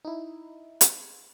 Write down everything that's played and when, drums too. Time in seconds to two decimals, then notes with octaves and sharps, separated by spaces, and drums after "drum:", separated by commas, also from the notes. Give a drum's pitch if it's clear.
0.05 D#4 E4
0.81 drum: hi-hat